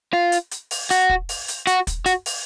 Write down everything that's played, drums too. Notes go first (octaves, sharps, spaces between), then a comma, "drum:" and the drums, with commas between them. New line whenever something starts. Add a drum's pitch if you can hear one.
F4
drum: hi-hat
drum: hi-hat
drum: open hi-hat
F#4, drum: hi-hat
drum: kick
drum: open hi-hat
drum: hi-hat
F#4, drum: hi-hat
drum: kick, hi-hat
F#4, drum: hi-hat
drum: open hi-hat